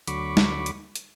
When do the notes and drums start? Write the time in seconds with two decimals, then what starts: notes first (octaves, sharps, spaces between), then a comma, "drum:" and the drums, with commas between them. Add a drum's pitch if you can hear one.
0.08 D2 F#3 B5 C#6 D6, drum: hi-hat
0.37 drum: snare
0.66 drum: hi-hat
0.96 drum: hi-hat